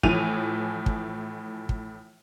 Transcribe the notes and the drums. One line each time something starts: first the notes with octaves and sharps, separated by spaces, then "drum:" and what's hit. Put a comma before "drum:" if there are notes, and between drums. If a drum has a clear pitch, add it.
A2 E3 F3 D#7 F7, drum: kick
drum: kick
drum: kick